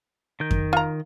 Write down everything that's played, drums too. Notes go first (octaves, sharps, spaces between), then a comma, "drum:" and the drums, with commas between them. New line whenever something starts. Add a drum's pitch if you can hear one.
D#3 A#4 G6
drum: kick F2
F4 A#5